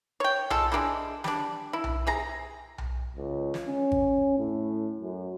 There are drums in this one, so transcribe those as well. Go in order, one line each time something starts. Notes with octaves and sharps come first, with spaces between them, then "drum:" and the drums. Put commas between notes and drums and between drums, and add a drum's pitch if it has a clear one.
C#5 G5
G#3 F4 A4, drum: tom B1
G#3 A#3 D4 E4
G3 D4, drum: snare
E4
drum: tom B1
C3 G#4 A#5
drum: tom B1
C#2
drum: snare
C#4
drum: kick G#1
A2
F#2